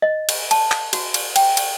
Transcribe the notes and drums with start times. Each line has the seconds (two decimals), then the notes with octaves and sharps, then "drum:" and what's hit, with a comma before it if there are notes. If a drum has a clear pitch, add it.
0.02 D#5
0.29 drum: cymbal
0.51 A5, drum: cymbal
0.71 drum: clap
0.93 F#4, drum: cymbal
1.14 drum: cymbal
1.36 G5, drum: cymbal
1.57 drum: cymbal